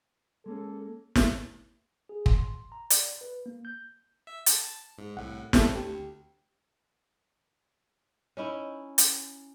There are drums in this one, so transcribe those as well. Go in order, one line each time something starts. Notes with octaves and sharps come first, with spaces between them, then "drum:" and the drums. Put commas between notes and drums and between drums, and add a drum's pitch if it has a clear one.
G#3 A#3 C#4 A4
drum: snare
G#4
C6, drum: kick
A#5
D5, drum: hi-hat
B4
A#3
G6
E5
A5, drum: hi-hat
G#2
C2 A2 F#5
G3 A3 C4 A4, drum: snare
D2 G4
C#4 D#4 E4
drum: hi-hat